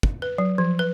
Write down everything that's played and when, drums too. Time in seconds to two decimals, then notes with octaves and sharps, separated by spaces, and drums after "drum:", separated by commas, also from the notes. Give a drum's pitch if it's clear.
0.03 drum: kick
0.22 B4
0.38 F#3
0.58 F3
0.79 B4